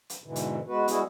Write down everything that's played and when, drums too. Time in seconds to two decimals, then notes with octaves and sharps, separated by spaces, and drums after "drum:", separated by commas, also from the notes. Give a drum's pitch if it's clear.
0.10 drum: hi-hat
0.24 G#2 B2 D3 E3
0.36 drum: hi-hat
0.67 G#3 B3 F#4 B4
0.88 G3 G#3 B3 E4 F#4 G#4, drum: hi-hat